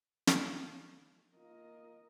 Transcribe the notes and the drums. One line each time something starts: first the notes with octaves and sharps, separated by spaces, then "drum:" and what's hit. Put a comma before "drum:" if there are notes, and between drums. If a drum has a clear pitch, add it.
drum: snare
A#3 F4 A#4 D#5